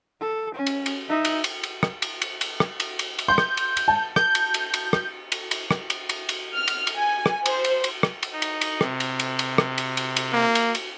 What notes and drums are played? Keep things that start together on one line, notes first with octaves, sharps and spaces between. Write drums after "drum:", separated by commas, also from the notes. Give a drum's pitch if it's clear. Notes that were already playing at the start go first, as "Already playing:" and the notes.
A4
C#4
drum: cymbal
drum: cymbal
D#4 E5
drum: cymbal
drum: cymbal
drum: cymbal
drum: rim click
drum: cymbal
drum: cymbal
drum: cymbal
drum: rim click
drum: cymbal
drum: cymbal
drum: cymbal
C6 G6
drum: rim click
drum: cymbal
drum: cymbal
A5
G6, drum: rim click
drum: cymbal
drum: cymbal
drum: cymbal
drum: rim click
drum: cymbal
drum: cymbal
drum: rim click
drum: cymbal
drum: cymbal
drum: cymbal
F6
drum: cymbal
drum: cymbal
G#5
drum: rim click
C5, drum: cymbal
drum: cymbal
drum: cymbal
drum: rim click
drum: cymbal
D#4
drum: cymbal
drum: cymbal
C3, drum: rim click
drum: cymbal
drum: cymbal
drum: cymbal
drum: rim click
drum: cymbal
drum: cymbal
drum: cymbal
A#3
drum: cymbal
drum: cymbal